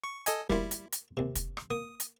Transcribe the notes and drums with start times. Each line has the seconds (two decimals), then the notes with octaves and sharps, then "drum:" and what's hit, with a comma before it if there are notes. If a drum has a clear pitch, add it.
0.04 C#6
0.26 A4 D#5 G#5, drum: hi-hat
0.50 D2 G3 A#3 E4 C6, drum: kick
0.71 drum: hi-hat
0.93 drum: hi-hat
1.17 D#2 C3
1.35 drum: kick, hi-hat
1.57 drum: rim click
1.70 A#3 D#6
2.00 drum: hi-hat